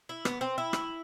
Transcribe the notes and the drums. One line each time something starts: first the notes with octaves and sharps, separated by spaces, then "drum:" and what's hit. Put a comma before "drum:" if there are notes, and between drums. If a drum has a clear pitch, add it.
E4
B3, drum: rim click
C4
E4
drum: rim click